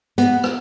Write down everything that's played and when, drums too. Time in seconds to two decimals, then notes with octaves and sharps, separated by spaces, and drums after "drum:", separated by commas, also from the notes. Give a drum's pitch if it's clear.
0.18 B3, drum: hi-hat
0.44 drum: rim click